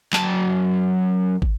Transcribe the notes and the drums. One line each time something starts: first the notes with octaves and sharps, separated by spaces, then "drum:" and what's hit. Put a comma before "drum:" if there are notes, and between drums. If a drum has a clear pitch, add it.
F#2 A5, drum: clap
drum: kick